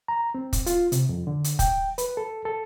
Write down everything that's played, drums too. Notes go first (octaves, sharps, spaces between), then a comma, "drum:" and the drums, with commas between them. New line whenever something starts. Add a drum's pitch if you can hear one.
A#5
C4
drum: kick, hi-hat
F4, drum: hi-hat
C3, drum: hi-hat
F2
D3
drum: hi-hat
G5, drum: kick, hi-hat
B4, drum: hi-hat
A4
A4